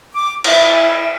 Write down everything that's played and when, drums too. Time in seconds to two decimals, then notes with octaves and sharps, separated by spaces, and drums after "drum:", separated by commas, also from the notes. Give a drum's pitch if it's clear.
0.13 D6
0.44 E4, drum: cymbal